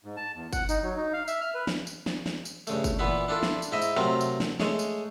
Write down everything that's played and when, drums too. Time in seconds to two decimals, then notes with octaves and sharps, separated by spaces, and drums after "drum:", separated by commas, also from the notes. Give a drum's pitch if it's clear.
0.05 G#2
0.17 A5
0.35 E2
0.53 F#5, drum: kick G1, tambourine
0.69 D#4, drum: tambourine
0.83 F#3
0.96 D#4
1.13 F5
1.28 E5, drum: tambourine
1.41 F6
1.55 B4
1.67 drum: snare
1.87 drum: tambourine
2.06 drum: snare
2.26 drum: snare
2.45 drum: tambourine
2.67 G2 C#3 A3, drum: tambourine
2.84 drum: kick G1, tambourine
2.99 A#2 E3 B3 E4
3.28 D4 E4 F4 A4
3.43 drum: snare
3.62 drum: tambourine
3.72 G#2 E4 D#5 E5
3.82 drum: tambourine
3.97 C3 F#3 A3 C4 F4 A#4
4.21 drum: tambourine
4.40 drum: snare
4.60 G#3 A3 G#4 C#5, drum: snare
4.79 drum: tambourine